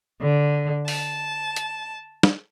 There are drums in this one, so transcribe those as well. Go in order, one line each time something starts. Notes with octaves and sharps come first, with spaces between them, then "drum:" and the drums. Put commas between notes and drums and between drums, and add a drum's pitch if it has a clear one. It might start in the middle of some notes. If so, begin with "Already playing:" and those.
D3
A5, drum: open hi-hat
drum: hi-hat
drum: snare